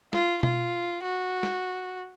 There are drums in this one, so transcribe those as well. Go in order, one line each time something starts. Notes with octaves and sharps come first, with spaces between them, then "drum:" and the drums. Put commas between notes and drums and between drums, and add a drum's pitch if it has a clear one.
F4, drum: snare
F4, drum: tom B2
F#4
drum: snare